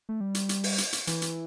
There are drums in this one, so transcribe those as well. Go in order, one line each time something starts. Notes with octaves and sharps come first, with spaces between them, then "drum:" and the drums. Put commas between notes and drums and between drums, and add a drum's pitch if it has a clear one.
A3
G3
drum: hi-hat
drum: hi-hat
drum: open hi-hat
drum: hi-hat
drum: hi-hat
E3, drum: hi-hat
drum: hi-hat